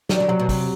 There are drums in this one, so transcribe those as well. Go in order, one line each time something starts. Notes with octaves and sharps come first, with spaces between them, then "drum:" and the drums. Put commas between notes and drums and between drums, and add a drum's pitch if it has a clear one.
F#3 G3, drum: snare
D3
C3 F#3
B2
C3, drum: kick, open hi-hat